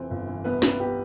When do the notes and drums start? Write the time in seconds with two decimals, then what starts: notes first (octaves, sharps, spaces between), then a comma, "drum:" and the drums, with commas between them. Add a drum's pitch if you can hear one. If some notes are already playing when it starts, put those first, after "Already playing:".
Already playing: F2 E3 C4
0.11 G1
0.28 E3
0.44 C2 B3 B4
0.62 C2 B3 B4, drum: snare
0.79 B3 G4